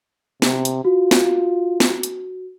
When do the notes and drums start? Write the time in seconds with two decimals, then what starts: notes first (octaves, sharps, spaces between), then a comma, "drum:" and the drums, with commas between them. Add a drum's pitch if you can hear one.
0.42 C3, drum: snare
0.65 drum: hi-hat
0.85 F4 F#4
1.11 drum: snare
1.80 drum: snare
2.03 drum: hi-hat